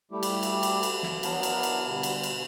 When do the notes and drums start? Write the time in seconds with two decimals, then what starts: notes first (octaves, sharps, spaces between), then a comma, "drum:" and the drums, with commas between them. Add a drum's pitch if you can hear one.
0.11 G3 A3 E4 G4
0.23 drum: cymbal
0.43 drum: cymbal
0.63 drum: cymbal
0.83 drum: cymbal
1.03 drum: snare
1.23 F#3 B3 D4 E4 A#4 F5, drum: cymbal
1.43 drum: cymbal
1.63 drum: cymbal
1.87 B2 D3 G3
2.03 drum: cymbal
2.23 drum: cymbal